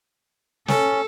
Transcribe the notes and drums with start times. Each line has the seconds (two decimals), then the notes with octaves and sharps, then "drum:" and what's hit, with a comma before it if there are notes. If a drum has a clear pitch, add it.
0.68 C#4 A4, drum: snare